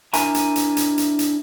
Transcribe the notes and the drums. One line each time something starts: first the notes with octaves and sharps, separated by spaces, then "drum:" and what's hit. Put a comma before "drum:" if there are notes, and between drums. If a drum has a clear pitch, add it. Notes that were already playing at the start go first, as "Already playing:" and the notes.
D4 E4 A#4 E5 G#5 A#5, drum: hi-hat
drum: hi-hat
drum: hi-hat
drum: hi-hat
drum: hi-hat
drum: hi-hat